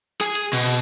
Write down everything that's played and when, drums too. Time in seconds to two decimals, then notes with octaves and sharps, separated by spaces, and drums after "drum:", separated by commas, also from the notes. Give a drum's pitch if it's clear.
0.21 G#4 G#5
0.35 drum: hi-hat
0.53 B2, drum: cymbal